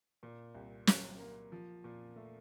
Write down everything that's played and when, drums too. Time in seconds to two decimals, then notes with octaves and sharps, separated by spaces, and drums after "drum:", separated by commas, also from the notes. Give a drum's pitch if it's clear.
0.23 A#2
0.55 C2
0.87 F#3, drum: snare
1.19 A#3
1.52 F3
1.84 A#2
2.16 A3